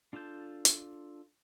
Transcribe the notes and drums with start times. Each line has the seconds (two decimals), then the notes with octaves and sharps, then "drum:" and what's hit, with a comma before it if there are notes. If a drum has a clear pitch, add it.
0.13 D4 F4 A4 A5 G6
0.65 drum: hi-hat